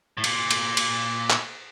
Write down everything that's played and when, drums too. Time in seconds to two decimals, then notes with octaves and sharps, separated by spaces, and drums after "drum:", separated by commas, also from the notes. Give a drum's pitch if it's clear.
0.17 A2
0.24 A#2, drum: cymbal
0.51 drum: cymbal
0.77 drum: cymbal
1.30 drum: clap